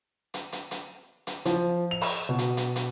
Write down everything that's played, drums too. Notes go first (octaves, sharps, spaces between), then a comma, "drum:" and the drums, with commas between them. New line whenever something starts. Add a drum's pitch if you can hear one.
drum: hi-hat
drum: hi-hat
drum: hi-hat
drum: hi-hat
F3, drum: hi-hat
F7
drum: open hi-hat
B2
drum: hi-hat
drum: hi-hat
drum: hi-hat